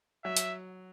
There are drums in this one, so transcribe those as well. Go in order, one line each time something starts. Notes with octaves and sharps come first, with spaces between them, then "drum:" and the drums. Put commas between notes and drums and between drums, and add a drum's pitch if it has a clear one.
F#3 E5
drum: hi-hat